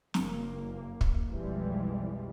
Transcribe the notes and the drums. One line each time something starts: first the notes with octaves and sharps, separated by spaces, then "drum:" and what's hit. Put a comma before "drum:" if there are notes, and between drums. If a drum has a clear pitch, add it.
F#1 A#3, drum: snare
drum: kick
B1 F2 E3 F3 G3 G#3